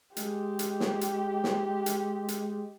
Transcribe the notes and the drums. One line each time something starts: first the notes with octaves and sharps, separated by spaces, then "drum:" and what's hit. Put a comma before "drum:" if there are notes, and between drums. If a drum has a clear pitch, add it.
G#3 G4, drum: hi-hat
drum: hi-hat
drum: snare
drum: hi-hat
drum: snare
drum: hi-hat
drum: hi-hat